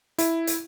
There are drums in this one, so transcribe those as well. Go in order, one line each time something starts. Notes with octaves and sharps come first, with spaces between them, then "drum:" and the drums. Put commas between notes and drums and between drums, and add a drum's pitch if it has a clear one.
E4, drum: hi-hat
drum: hi-hat